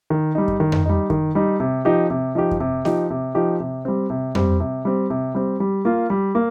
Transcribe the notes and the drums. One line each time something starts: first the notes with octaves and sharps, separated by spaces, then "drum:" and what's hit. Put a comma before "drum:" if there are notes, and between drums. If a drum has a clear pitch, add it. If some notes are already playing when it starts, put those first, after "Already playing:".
D#3
G3 D#4
drum: kick F#2
D#3
drum: tom F2
G3 D#4
D#3, drum: kick F#2
G3 D#4
C3
F3 D#4 G4
C3
F3 D#4 G4
drum: kick F#2
C3
F3 D#4 G4, drum: snare A#3
C3
F3 D#4 G4
C3
G3 C4
C3
G3 C4, drum: tom F2
C3
G3 C4
C3
G3 C4
G3
A#3 F4
G3
A#3